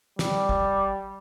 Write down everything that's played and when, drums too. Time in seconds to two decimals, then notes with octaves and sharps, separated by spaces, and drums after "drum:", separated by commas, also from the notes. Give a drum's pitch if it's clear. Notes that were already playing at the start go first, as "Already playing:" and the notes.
0.19 G3, drum: snare
0.49 drum: kick